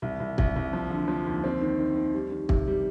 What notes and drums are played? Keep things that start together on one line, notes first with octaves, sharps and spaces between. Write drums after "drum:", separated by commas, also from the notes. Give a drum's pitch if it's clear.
C2
C2
C2, drum: kick
C2
F3
D3
F3
D#2
C4
D#3
D#3
D#3
G3
D#3
C3, drum: kick
G3